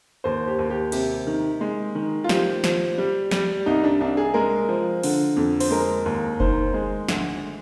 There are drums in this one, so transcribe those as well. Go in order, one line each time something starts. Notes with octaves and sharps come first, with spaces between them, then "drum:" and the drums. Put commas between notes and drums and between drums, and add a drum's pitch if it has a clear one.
D#2 C5
G4
D#2
G4
C3 G4, drum: cymbal
D#3
G#3
D#3
F4
F3 G4, drum: snare
F3, drum: snare
G3
G3, drum: snare
C2 D#4
D4
C2 D4
G#4
G#3 A#4
F3
D3, drum: open hi-hat
F2
C5, drum: open hi-hat
G#3 A#4
D#2
D#3 C5, drum: kick F#1
G#3
D2, drum: snare